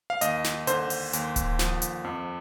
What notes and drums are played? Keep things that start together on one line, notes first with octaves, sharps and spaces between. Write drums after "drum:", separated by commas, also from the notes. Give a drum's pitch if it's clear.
F5
D#2 D#5, drum: hi-hat
drum: snare
D3 C5, drum: hi-hat
drum: open hi-hat
D#2, drum: hi-hat
drum: kick D1, hi-hat
F3, drum: snare
drum: hi-hat
F2